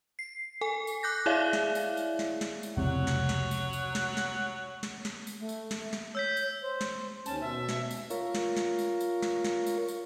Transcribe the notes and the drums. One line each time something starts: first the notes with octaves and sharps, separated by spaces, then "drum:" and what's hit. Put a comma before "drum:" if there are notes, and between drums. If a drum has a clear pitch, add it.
C7
A4 G#5
drum: tambourine
D6 F#6 G6 A#6
E4 G#4 C#5 D5 E5 F5
drum: snare
drum: tambourine
drum: tambourine
drum: snare
drum: snare
drum: tambourine
F1 C#2 C3 C#5 F#5
drum: snare
drum: snare
drum: tambourine
drum: tambourine
drum: snare
drum: snare
drum: snare
drum: snare
drum: tambourine
A3
drum: tambourine
drum: snare
drum: snare
C#5 E6 G6 B6
drum: tambourine
C5
drum: snare
D#2 C#4 A5, drum: tambourine
B2 E5
drum: snare
drum: tambourine
F4 A#4 C#5, drum: tambourine
drum: snare
drum: snare
drum: tambourine
drum: tambourine
drum: snare
drum: snare
drum: tambourine
drum: tambourine